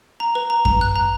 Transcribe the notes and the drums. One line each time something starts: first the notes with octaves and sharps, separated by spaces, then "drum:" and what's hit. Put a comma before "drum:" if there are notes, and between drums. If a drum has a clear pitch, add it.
A#5
B4
A#5
A#5, drum: kick F#2
F#6
A#5